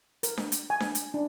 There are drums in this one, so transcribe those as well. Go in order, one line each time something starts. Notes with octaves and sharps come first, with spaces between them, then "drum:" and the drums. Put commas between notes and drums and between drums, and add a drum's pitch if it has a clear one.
A#4, drum: hi-hat
drum: snare D4
drum: hi-hat
G#5
drum: snare D4
drum: hi-hat
D4